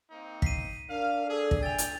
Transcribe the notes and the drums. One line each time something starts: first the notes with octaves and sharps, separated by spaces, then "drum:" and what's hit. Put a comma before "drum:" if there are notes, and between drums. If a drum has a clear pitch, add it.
A#3 C4 D#4
B6 C7 D#7, drum: kick
D4 A#4 F5
G#4 A4
drum: kick
E5 G5 G#5 A6 F7
drum: hi-hat